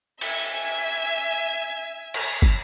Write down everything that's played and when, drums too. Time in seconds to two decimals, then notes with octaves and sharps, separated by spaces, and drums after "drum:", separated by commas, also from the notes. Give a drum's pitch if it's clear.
0.21 E5 G#5 G#6, drum: cymbal
2.14 drum: cymbal
2.42 drum: kick